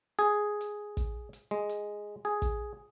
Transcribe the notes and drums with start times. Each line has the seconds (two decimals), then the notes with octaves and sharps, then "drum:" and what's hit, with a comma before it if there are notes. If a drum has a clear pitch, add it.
0.19 G#4
0.61 drum: hi-hat
0.97 drum: kick, hi-hat
1.33 drum: hi-hat
1.51 G#3
1.69 drum: hi-hat
2.25 G#4
2.42 drum: kick, hi-hat